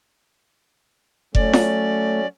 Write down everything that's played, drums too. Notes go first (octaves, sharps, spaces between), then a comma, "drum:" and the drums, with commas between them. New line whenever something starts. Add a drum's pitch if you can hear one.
F#3 A3 C#4 D5, drum: kick F1
drum: snare